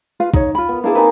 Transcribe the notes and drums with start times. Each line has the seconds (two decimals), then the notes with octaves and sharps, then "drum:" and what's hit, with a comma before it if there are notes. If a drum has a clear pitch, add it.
0.20 F4 B4 F5
0.34 D#4 C#5, drum: kick
0.55 F4 B5, drum: tambourine
0.69 B3
0.84 A#3 D4 E4 G#4 A5 D6
0.95 C4 D#4 G#4 B4, drum: tambourine